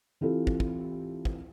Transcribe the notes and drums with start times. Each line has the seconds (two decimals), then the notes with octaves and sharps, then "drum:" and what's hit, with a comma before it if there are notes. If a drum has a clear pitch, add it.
0.21 E3 C4 E4 F4 G4 A4
0.47 drum: kick
0.60 drum: kick
1.25 drum: kick